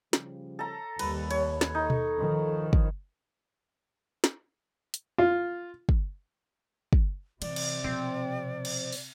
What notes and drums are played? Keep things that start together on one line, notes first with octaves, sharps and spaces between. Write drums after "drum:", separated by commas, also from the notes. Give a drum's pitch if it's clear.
C#3 F3 G3, drum: snare
A4 A#5
D#2 G3 B4, drum: cymbal
C#5, drum: cymbal
drum: snare
D#4 A4
drum: tom B2
D#3 F3
drum: kick
drum: snare
drum: hi-hat
F4
drum: kick
drum: kick
C3 E3 D5, drum: cymbal
drum: cymbal
B2 F3 C4
drum: cymbal
drum: open hi-hat